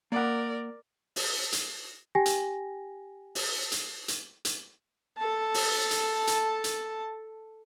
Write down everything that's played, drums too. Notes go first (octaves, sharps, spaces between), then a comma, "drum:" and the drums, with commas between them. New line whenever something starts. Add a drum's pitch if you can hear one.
A#3 A#4 D5 F#5
drum: open hi-hat
drum: hi-hat
G4 G5 G#5 A#6
drum: hi-hat
drum: open hi-hat
drum: hi-hat
drum: hi-hat
drum: hi-hat
A4 A5
drum: open hi-hat
drum: hi-hat
drum: hi-hat
drum: hi-hat